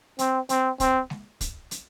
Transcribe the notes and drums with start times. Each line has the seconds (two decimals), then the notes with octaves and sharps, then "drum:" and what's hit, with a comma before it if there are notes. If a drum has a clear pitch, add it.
0.19 C4, drum: hi-hat
0.49 C4, drum: hi-hat
0.80 C4, drum: kick, hi-hat
1.10 drum: snare G#3
1.41 drum: kick, hi-hat
1.71 drum: hi-hat